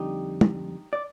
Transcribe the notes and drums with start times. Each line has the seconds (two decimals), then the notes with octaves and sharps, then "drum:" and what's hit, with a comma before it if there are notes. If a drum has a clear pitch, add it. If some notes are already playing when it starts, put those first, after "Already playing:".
Already playing: F2 D3 G3 D#4 G4
0.41 drum: tom
0.93 D5